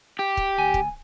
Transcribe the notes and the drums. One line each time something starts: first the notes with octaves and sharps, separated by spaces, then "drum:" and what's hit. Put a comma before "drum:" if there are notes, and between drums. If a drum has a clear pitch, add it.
G4
drum: kick
D2 G#5
drum: kick